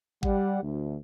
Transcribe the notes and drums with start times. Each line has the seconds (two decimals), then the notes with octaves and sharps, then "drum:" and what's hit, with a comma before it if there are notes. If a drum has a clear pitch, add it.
0.23 G3 F#5, drum: kick G#1
0.62 D2